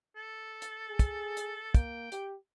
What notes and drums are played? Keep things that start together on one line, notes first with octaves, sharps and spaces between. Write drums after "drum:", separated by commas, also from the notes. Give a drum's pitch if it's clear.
A4
drum: hi-hat
G#4
drum: kick, hi-hat
drum: hi-hat
A#3 G5, drum: kick, hi-hat
G4, drum: hi-hat